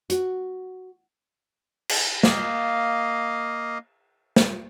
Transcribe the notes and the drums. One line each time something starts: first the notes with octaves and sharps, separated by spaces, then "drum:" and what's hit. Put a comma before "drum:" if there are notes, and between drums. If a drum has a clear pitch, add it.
F#4, drum: hi-hat
drum: cymbal
A#3 D#5 F5, drum: snare
drum: snare